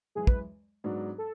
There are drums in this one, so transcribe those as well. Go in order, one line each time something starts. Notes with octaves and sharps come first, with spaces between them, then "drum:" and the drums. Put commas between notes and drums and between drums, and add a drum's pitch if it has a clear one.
F#2 E3 G#3 G#4
B4, drum: kick
G#2 F#3 B3 D4 F#4
A4